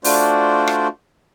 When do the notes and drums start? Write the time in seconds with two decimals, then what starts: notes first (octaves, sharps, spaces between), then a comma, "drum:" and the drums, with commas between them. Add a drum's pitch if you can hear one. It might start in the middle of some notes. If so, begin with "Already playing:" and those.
0.04 A3 D4 F4 F#4 C5 D5, drum: open hi-hat
0.67 drum: rim click